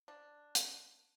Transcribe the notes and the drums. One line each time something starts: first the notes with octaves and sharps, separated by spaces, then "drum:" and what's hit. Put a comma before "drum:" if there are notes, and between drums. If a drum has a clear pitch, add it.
D4
drum: hi-hat